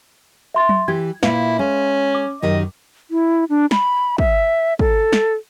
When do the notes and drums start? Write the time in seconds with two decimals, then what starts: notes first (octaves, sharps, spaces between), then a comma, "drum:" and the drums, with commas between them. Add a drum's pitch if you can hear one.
0.54 E5 C6 A6
0.69 drum: tom F#3
0.88 E3 G4 G#6
1.23 A#2 E4 B4 E5 F5, drum: snare
1.59 G#3 C#4
2.15 D6
2.42 F#2 D#3 G4 D#5
3.11 E4
3.49 D4
3.71 B5, drum: snare
4.18 E5, drum: kick
4.79 A4, drum: kick
5.13 drum: snare